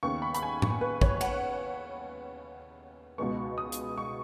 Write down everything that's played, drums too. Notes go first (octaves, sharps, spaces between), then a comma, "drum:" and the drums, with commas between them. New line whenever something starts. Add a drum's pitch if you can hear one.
D#2 C#3 B3 C#6
B5
B5, drum: hi-hat
G#5
C#6, drum: tom A2
B4
C#5, drum: kick
F#5, drum: cymbal
C#2 B2 G#3 B3 C#6
D#6
drum: hi-hat
C#6